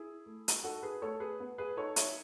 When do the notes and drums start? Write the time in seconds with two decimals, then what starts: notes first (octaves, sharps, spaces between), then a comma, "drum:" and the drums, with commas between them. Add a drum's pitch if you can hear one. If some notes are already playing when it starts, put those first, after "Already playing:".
Already playing: E4 G#4
0.26 A3
0.48 drum: hi-hat
0.63 D#4 F#4 A4
0.82 G#4 B4
1.02 A3 A4 C#5
1.20 G#4 B4
1.40 B3
1.58 G#4 B4
1.77 D#4 A4 C#5
1.96 C#5 E5, drum: hi-hat